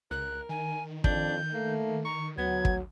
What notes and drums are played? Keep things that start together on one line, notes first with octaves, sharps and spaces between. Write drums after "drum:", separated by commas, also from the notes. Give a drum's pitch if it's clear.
C#2 A#4 F#6
D#3 G#5
F2 D4 G6, drum: kick
A3 A#3
A#5 C#6
D2 F#3 B3 G#6
drum: kick